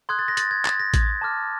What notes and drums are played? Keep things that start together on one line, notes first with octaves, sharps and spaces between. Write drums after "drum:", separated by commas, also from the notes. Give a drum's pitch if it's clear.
C6 D#6 F#6 G#6
A6
A#6
A6, drum: hi-hat
G#6
A6, drum: clap
A#6
G#6, drum: kick A1, hi-hat
A5 D6 F6